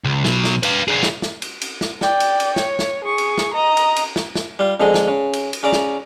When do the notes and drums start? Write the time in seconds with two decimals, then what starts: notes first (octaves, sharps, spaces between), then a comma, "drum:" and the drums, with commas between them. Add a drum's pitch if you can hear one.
0.05 C#2
0.24 B2 F#3, drum: snare
0.44 drum: snare
0.63 B4 F5, drum: cymbal
0.88 D4 G#4
1.03 drum: snare
1.22 drum: snare
1.42 drum: cymbal
1.61 drum: cymbal
1.81 drum: snare
2.01 D5 G5, drum: snare
2.20 drum: cymbal
2.40 drum: cymbal
2.56 C#5, drum: snare
2.79 drum: snare
3.04 G#4 C#6
3.18 drum: cymbal
3.38 drum: snare
3.54 D#5 A#5
3.77 drum: cymbal
3.96 drum: cymbal
4.16 drum: snare
4.36 drum: snare
4.59 G3 F4
4.80 F2 D3 G#3 G#4
4.94 drum: snare
5.08 C#3
5.33 drum: cymbal
5.53 drum: cymbal
5.63 C#3 C#4 D5 A#5 D6
5.73 drum: snare